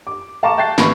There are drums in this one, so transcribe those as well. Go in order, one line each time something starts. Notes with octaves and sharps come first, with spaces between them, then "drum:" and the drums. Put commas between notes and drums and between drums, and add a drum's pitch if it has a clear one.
D6
F5 A5 A#5 C#6 D6 E7
E5 G5 A5 F#6 A6 C7
G#1 B3 B5 C#6, drum: snare